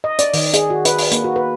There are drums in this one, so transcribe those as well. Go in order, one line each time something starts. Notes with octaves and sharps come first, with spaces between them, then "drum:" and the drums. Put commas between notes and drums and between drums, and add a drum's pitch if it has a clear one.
D#5
D5, drum: hi-hat
D#3, drum: open hi-hat
G#4, drum: hi-hat
F#4
B4, drum: hi-hat
drum: open hi-hat
A#3, drum: hi-hat
F#4
B4